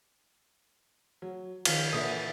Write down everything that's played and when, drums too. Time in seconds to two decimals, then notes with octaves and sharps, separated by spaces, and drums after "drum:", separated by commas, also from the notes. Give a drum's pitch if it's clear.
1.22 F#3
1.65 D#3 F3 F5, drum: cymbal
1.93 A#2 D3 E3 D#6